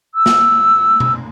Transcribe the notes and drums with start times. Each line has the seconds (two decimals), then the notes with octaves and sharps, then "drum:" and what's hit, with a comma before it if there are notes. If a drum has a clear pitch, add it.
0.15 E6
0.26 drum: snare
1.00 drum: tom B2